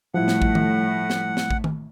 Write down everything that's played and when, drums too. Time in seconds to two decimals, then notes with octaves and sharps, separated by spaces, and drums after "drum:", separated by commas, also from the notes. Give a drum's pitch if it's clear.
0.14 A2 F3 G3 A3 E4 F#5
0.28 drum: snare
0.42 drum: kick A1
0.55 drum: tom D#3
1.10 drum: snare
1.37 drum: snare
1.50 drum: kick A1
1.64 drum: tom D#3